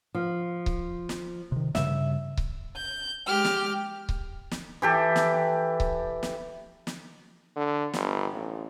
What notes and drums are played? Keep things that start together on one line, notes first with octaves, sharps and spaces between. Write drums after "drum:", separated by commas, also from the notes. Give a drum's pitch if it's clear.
F3
drum: kick C#1
drum: snare
C3 D#3
G2 C#3 E5, drum: snare
drum: kick C#1
G6
G#3 G4 F6
drum: snare
drum: kick C#1
drum: snare
E3 G4 A4
drum: snare
drum: kick C#1
drum: snare
drum: snare
D3
G1, drum: snare
A1